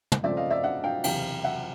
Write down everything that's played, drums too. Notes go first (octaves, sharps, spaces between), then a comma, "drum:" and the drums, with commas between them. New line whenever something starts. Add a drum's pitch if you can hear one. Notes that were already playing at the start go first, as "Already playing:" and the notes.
drum: tom
F2 C#3 F3 A3 C4 D5 E5
D#5 F5
D5 E5
E5 F#5
F5 G5
F#1 E2 C3 F5 G5, drum: cymbal
E5 F#5